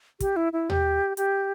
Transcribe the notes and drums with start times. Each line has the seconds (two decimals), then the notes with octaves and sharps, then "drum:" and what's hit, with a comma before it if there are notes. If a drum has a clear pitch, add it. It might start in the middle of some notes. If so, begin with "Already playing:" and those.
0.20 G4, drum: kick, hi-hat
0.36 E4
0.53 E4
0.70 G4, drum: tom D#2
1.17 G4, drum: hi-hat